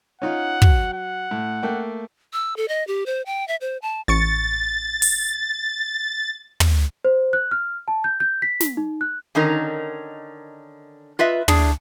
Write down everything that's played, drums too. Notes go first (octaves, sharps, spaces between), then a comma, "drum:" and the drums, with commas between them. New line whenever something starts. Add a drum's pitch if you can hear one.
C#4 D#4 F4 F#5
F#3, drum: kick
F#5
A2
A3 A#3 G5
E6
A4
D#5
G4
C5
G5
E5
C5
A5
A1 C#6 A6 C#7
drum: open hi-hat
drum: tom
C5
F#6
F6
A5
G6
G6
B6
drum: snare
D#4
F#6
D3 D#3 C#4 D#4 A#4
F4 B4 D#5 E5
A2 D4 G#4, drum: tom